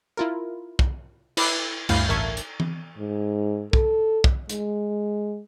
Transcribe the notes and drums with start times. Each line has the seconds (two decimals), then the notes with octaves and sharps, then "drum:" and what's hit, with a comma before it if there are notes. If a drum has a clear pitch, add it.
0.17 E4 F4 A#4
0.79 drum: kick
1.37 E4 B4 D6 E6, drum: cymbal
1.89 D2 G2 E4 F5 G6, drum: cymbal
2.09 A1 A#4 E5 A5 C#6 G#6
2.37 drum: hi-hat
2.60 drum: tom E3
2.98 G#2
3.73 A4, drum: kick
4.24 drum: kick
4.49 G#3, drum: hi-hat